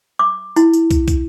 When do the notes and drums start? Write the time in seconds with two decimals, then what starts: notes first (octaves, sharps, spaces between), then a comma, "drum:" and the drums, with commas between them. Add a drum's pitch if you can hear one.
0.19 D6
0.56 E4, drum: tambourine
0.73 drum: tambourine
0.91 drum: kick, tambourine
1.08 drum: kick, tambourine